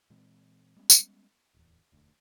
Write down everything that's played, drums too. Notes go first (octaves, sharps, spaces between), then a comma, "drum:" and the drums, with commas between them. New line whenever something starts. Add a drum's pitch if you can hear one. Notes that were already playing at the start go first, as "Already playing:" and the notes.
A#2 E3 G#3 C4
G3 G#3 B3 C#4
drum: tambourine
D1 E2
E1 D2